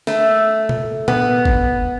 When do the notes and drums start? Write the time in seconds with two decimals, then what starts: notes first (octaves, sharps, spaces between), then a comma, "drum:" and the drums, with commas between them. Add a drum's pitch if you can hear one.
0.07 A3, drum: snare
0.69 drum: tom B2
1.08 B3, drum: tom A#2
1.45 drum: kick G1